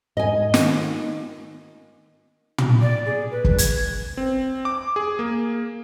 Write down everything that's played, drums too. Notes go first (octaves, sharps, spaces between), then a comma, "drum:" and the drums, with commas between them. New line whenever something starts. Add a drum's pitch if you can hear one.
G#2 D#5 G#5
D#3, drum: snare
drum: tom
D5
G#4
B4
drum: kick
G#6, drum: hi-hat
C4
D6
G#4
A#3